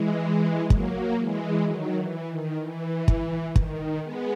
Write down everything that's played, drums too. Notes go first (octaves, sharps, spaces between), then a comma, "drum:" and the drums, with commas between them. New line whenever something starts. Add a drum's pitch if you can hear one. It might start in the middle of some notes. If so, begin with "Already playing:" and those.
Already playing: E3 G#3
F#3 A#3, drum: kick
E3 G#3
D#3 F#3
E3
D#3
E3
drum: kick
D#3, drum: kick
G#3 B3